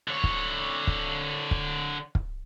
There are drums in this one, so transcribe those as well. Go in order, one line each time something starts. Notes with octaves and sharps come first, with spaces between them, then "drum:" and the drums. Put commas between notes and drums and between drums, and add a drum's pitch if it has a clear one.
D3 C#5
drum: kick
drum: kick
drum: kick
drum: kick